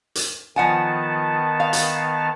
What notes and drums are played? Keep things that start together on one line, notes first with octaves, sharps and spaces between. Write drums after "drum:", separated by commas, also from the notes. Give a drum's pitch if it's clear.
drum: hi-hat
D#3 F3 B3 F#5 G#5 A5
F5
drum: hi-hat